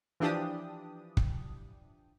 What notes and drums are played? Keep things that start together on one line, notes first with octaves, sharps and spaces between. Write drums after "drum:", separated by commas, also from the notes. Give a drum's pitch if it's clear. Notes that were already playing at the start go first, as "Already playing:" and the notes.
E3 F3 D4 G4 D#6
drum: kick